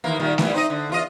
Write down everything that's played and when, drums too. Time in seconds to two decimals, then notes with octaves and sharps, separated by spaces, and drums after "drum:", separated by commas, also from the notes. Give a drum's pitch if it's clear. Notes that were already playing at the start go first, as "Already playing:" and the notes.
0.04 D#2 E3 A#3
0.19 A#2 D#3 G3
0.38 A#2 E3 G3, drum: snare A3
0.54 C4 D#4 D#5
0.70 D3
0.90 E2 F4 D#5